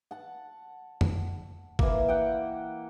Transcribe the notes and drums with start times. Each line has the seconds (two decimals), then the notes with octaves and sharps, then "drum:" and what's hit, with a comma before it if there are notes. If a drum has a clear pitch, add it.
0.11 F#5 A5
1.01 drum: tom F2
1.79 E3 A#3, drum: kick G1
2.08 F#5 G5